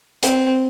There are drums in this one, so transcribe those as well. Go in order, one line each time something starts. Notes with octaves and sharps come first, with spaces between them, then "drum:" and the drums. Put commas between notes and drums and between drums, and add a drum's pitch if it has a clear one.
C4, drum: hi-hat